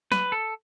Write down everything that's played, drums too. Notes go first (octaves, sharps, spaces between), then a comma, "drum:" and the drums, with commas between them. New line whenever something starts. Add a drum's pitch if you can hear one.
B4, drum: snare
A4